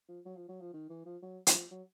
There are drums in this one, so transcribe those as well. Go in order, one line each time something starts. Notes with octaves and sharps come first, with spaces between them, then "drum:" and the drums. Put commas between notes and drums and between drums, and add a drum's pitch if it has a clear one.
F3
F#3
F3
F#3
F3
D#3
E3
F3
F#3
F3, drum: hi-hat
F#3